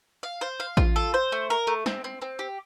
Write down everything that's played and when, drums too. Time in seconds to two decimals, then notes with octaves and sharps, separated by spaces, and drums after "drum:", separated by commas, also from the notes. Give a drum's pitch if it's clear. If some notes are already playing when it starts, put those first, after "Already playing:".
0.23 F5
0.41 C5
0.60 F5
0.77 F4, drum: kick A1
0.96 A4
1.14 C5
1.32 A3
1.50 A#4
1.67 A3
1.86 C4, drum: snare
2.04 C4
2.22 C4
2.39 G4